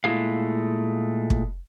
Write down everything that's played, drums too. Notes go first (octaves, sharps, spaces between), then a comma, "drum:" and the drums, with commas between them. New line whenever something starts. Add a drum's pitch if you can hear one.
A#2 G#3 A3 E4 G#4 F5
drum: kick